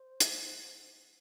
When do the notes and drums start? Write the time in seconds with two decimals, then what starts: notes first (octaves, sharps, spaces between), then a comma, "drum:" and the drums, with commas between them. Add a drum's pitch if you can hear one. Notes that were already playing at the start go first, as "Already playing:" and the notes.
Already playing: C5
0.20 drum: hi-hat